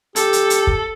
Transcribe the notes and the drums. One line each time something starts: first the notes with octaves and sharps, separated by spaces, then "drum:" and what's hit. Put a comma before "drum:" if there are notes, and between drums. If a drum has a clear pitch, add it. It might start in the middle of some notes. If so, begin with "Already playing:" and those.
G4 A4, drum: hi-hat
drum: hi-hat
drum: hi-hat
drum: kick